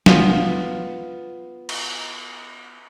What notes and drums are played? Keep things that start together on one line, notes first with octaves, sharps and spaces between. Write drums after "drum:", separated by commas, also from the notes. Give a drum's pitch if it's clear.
B3 F4, drum: snare
drum: cymbal